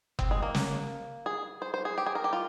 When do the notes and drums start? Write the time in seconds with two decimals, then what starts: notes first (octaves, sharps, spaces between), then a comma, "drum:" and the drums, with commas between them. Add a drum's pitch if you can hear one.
0.19 C4, drum: kick F#1
0.31 G#3
0.42 A#3
0.55 drum: snare
1.26 G#4
1.62 C5
1.74 C5
1.85 G#4
1.98 G4
2.06 G#4
2.15 A#4
2.24 G4
2.33 F4